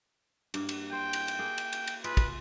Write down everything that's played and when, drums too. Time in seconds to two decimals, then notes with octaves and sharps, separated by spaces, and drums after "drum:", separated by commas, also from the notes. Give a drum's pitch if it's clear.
0.54 G2 A#3, drum: cymbal
0.69 drum: cymbal
0.93 C5 G5
1.13 drum: cymbal
1.28 drum: cymbal
1.39 A#3 G#4
1.58 drum: cymbal
1.73 drum: cymbal
1.87 drum: cymbal
2.04 F4 G#4 B4 E5, drum: cymbal
2.17 drum: kick, cymbal